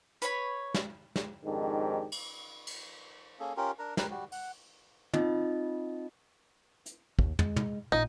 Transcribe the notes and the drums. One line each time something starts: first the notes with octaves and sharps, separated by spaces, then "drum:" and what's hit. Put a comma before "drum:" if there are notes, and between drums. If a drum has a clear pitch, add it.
B4 C#5 B5, drum: hi-hat
drum: snare
drum: snare
F2 G#2 D#3 D4 G4
drum: cymbal
drum: cymbal
A#3 C#4 G#4 A4
C#4 F4 G4 A#4
D4 A#4 A#5
G4 A#4 B4, drum: snare
G3 F#4 G4
F#5, drum: open hi-hat
C4 D#4 F4 D#5, drum: tom
drum: hi-hat
D#2, drum: kick
G#3, drum: tom
drum: tom
A1 A#2 D#4